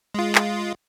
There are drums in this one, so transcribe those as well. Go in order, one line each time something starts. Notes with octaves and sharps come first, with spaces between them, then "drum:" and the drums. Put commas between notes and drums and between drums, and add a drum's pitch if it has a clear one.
G#3 F4
drum: clap